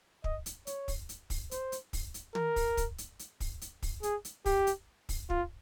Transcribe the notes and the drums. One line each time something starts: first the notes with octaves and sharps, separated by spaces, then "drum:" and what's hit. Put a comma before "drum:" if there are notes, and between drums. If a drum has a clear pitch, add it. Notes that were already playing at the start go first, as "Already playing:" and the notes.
D#5, drum: kick
drum: hi-hat
C#5, drum: hi-hat
drum: kick, open hi-hat
drum: hi-hat
drum: kick, open hi-hat
C5, drum: hi-hat
drum: hi-hat
drum: kick, open hi-hat
drum: hi-hat
A#4, drum: tom
drum: kick, open hi-hat
drum: kick, hi-hat
drum: hi-hat
drum: hi-hat
drum: kick, open hi-hat
drum: hi-hat
drum: kick, open hi-hat
G#4, drum: hi-hat
drum: hi-hat
G4, drum: kick, open hi-hat
drum: hi-hat
drum: kick, open hi-hat
F4, drum: kick